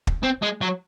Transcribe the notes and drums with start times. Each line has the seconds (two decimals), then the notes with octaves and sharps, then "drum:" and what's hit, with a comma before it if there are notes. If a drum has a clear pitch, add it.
0.07 drum: kick
0.23 C4
0.42 G#3
0.61 F#3